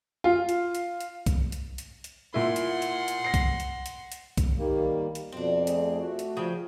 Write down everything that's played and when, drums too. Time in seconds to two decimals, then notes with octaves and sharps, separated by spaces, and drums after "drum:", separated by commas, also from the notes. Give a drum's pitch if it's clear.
0.24 F4
0.49 drum: hi-hat
0.75 drum: hi-hat
1.01 drum: hi-hat
1.26 drum: kick B1, hi-hat
1.52 drum: hi-hat
1.78 drum: hi-hat
2.04 drum: hi-hat
2.34 A#2 E4 F#5 C6
2.56 drum: hi-hat
2.82 drum: hi-hat
3.08 drum: hi-hat
3.24 A#6 C7
3.34 drum: kick B1, hi-hat
3.60 drum: hi-hat
3.86 drum: hi-hat
4.12 drum: hi-hat
4.37 drum: kick B1, hi-hat
4.58 D#3 G3 A#3
5.15 drum: hi-hat
5.32 F2 B2 C4 D4
5.67 A3 G#4, drum: hi-hat
6.00 A3 F#4
6.19 drum: hi-hat
6.37 C#3 F3 G#4 G5